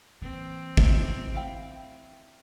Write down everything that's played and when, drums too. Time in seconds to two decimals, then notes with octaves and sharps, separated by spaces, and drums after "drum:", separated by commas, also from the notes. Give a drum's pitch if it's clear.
0.22 E3 A#3 C4
0.77 drum: kick
1.34 E4 F5 G5